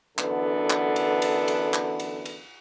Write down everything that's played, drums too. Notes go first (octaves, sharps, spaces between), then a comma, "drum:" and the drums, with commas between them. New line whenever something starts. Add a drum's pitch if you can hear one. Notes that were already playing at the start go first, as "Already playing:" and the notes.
F#2 D3 E3 B3 D4 A4, drum: clap
drum: clap
drum: cymbal
drum: cymbal
drum: cymbal
drum: clap
drum: cymbal
drum: cymbal